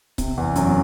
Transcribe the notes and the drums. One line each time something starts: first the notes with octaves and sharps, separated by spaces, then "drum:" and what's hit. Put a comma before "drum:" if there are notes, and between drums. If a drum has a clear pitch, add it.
C3, drum: kick C#1, hi-hat
E2
F#2, drum: hi-hat